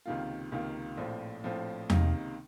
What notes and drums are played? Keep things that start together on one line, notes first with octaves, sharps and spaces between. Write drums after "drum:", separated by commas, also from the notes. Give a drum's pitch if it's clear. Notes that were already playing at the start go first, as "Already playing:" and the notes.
C#2 C3 D#3 A#3 F4
C#2 C3 D#3 A#3 F4
A#1 A2 F3 C4
A#1 A2 F3 C4
C#2 C3 D#3 A#3 D#4, drum: tom E2